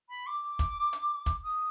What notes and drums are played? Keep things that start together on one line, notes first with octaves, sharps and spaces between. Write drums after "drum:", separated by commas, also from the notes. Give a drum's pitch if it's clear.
B5
D6
drum: kick, hi-hat
drum: hi-hat
drum: kick, hi-hat
D#6